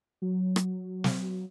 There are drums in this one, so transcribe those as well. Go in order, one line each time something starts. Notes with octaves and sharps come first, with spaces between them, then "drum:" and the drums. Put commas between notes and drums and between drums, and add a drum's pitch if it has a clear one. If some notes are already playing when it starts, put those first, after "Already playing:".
F#3
drum: rim click
drum: snare